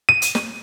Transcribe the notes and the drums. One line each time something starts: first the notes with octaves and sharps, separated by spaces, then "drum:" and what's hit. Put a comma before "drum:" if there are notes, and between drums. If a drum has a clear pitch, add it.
D#7
drum: hi-hat
drum: snare